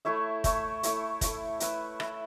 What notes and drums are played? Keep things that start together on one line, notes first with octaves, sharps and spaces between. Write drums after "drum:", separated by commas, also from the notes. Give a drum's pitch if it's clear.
A3 E4 C#5 E5
A3 E4 C#5 E5, drum: kick, hi-hat
A3 E4 C#5 E5, drum: hi-hat
A3 E4 C#5 E5, drum: kick, hi-hat
E4 B4 E5, drum: hi-hat
E4 B4 E5, drum: rim click